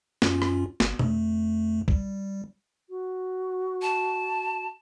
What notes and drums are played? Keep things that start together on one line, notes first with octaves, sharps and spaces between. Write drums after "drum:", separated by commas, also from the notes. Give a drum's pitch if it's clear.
F#2 C#4 F4, drum: snare
drum: rim click
G1, drum: snare
F2 A3, drum: tom B2
G3, drum: kick
F#4
A5